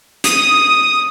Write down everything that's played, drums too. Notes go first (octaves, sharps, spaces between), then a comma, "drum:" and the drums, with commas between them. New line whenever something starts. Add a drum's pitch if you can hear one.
D#6, drum: hi-hat